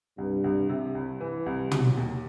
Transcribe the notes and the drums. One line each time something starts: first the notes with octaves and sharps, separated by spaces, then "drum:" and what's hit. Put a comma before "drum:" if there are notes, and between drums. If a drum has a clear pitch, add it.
C2 G2
C2
C3
C2
E3
C2
F#3, drum: tom
D#2